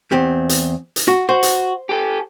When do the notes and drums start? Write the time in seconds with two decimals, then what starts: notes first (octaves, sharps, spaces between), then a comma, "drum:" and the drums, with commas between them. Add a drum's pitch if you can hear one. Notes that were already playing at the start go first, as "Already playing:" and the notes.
0.12 E2 C4 G4
0.49 drum: hi-hat
0.96 drum: hi-hat
1.08 F#4
1.29 F#4 C5
1.43 drum: hi-hat
1.89 G4 A4